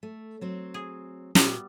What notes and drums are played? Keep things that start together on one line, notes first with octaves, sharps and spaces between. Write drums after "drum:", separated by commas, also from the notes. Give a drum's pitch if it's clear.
A3
F#3 C4
G#4
A#2 G3 B3 F#4 E5, drum: snare